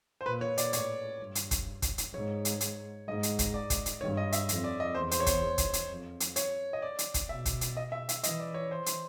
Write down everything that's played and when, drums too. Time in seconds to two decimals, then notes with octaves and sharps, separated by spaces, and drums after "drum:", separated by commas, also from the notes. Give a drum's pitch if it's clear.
0.21 C5
0.26 A#2 B4
0.41 C#5
0.58 D5, drum: hi-hat
0.73 A2 C#5, drum: hi-hat
1.20 G2
1.35 drum: hi-hat
1.51 drum: kick, hi-hat
1.82 drum: kick, hi-hat
1.98 drum: hi-hat
2.13 G#2 C#5
2.45 drum: hi-hat
2.60 drum: hi-hat
3.08 G#2 D#5
3.23 drum: hi-hat
3.39 drum: kick, hi-hat
3.54 D5
3.70 drum: kick, hi-hat
3.86 drum: hi-hat
4.01 G2 C#5
4.17 D#5
4.32 E5, drum: hi-hat
4.49 F2, drum: hi-hat
4.64 D5
4.80 D#5
4.95 E2 C5
5.11 C5, drum: hi-hat
5.20 C#5
5.26 C5, drum: kick, hi-hat
5.58 drum: kick, hi-hat
5.73 drum: hi-hat
5.89 F2
6.20 drum: hi-hat
6.36 C#5, drum: hi-hat
6.73 D#5
6.82 D5
6.99 drum: hi-hat
7.14 drum: kick, hi-hat
7.29 B2 E5
7.45 drum: kick, hi-hat
7.61 drum: hi-hat
7.77 D#5
7.92 E5
8.09 E5, drum: hi-hat
8.23 E3 D#5, drum: hi-hat
8.40 D5
8.54 C#5
8.71 C5
8.86 drum: hi-hat